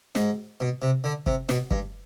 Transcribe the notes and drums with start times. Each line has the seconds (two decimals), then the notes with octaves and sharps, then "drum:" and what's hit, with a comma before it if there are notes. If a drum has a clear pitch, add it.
0.15 G#2, drum: snare
0.60 B2
0.82 C3
1.04 D3
1.26 C3, drum: kick
1.49 B2, drum: snare
1.71 G2, drum: kick